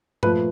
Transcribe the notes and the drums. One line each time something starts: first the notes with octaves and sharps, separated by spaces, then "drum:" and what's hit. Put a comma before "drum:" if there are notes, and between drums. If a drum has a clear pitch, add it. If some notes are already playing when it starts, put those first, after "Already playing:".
A#2 F3 A3 B4, drum: tom G2